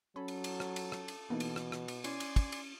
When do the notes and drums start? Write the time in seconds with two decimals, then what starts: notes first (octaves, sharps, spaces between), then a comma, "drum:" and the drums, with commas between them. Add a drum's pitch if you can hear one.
0.16 F#3 C#4 A4 B5
0.28 drum: cymbal
0.44 drum: cymbal
0.60 drum: rim click
0.76 drum: cymbal
0.92 drum: rim click
1.08 drum: cymbal
1.30 B2 E3 A#3 B3 D#4
1.40 drum: cymbal
1.56 drum: rim click
1.72 drum: rim click
1.88 drum: cymbal
2.04 C#4 E4 D5 G#5 C6, drum: cymbal
2.20 drum: cymbal
2.36 drum: kick, cymbal
2.52 drum: cymbal